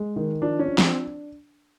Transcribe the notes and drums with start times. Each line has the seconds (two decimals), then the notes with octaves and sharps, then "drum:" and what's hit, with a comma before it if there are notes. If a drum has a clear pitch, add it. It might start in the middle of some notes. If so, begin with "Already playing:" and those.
Already playing: G#3
0.16 D#3
0.42 F3 D4
0.59 C#4
0.66 D4
0.78 C4, drum: snare